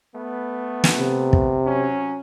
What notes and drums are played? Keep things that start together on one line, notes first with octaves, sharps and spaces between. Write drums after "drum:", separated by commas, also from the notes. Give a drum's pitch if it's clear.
A3 B3
drum: snare
C3
drum: kick
F#3 C#4